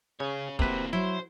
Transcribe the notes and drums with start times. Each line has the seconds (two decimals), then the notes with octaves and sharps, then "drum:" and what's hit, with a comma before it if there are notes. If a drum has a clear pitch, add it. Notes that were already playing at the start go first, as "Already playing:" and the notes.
0.20 C#3 G#4 C#5
0.59 C3 A#3 C4 E4 F#4 B4, drum: kick
0.93 F#3 E4 C5